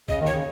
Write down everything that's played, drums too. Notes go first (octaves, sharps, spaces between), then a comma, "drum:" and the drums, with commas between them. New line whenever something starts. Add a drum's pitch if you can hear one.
C#3 D#5, drum: kick B1
D#2 D#3
C#5
C#3